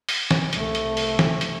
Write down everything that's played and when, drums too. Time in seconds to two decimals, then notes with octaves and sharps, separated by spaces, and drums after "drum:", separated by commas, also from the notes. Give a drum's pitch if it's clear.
0.09 drum: open hi-hat
0.31 drum: snare
0.53 C2 A3, drum: hi-hat
0.75 drum: hi-hat
0.97 drum: open hi-hat
1.19 drum: snare
1.41 drum: hi-hat